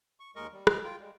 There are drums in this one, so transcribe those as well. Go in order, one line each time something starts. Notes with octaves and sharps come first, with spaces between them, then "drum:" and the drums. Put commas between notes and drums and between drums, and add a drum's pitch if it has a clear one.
C#6
D#2 G#3 A#4 D#5 C#6
G3
D#5 F6, drum: rim click
F4 G5
G3 G#3